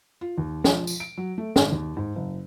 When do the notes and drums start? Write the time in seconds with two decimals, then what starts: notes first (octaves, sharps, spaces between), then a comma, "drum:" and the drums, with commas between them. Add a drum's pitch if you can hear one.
0.21 F4
0.38 D#2
0.64 F3, drum: snare
0.87 drum: tambourine
1.00 D7
1.17 F#3
1.38 A3
1.56 G#1, drum: snare
1.71 D#2
1.97 G#2
2.15 F#1